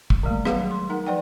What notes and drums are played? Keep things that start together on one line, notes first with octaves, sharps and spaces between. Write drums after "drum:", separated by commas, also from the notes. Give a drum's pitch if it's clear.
drum: kick
D#3 G3 A3 A#3
F#3 G#3 B3 G#4 B4 F5, drum: rim click
C6
D#4 A#4 F#5
F3 B4 D5 F#5 G5